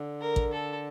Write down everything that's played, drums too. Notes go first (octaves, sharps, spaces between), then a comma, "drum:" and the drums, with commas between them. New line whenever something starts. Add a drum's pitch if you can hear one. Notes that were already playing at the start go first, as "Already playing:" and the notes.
Already playing: D3
A#4
drum: kick
A4